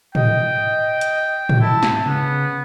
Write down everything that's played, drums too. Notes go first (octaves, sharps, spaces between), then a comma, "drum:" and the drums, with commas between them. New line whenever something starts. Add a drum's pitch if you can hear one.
D#5 G5, drum: tom
drum: hi-hat
drum: tom
E4 A5
drum: snare
C#3 B3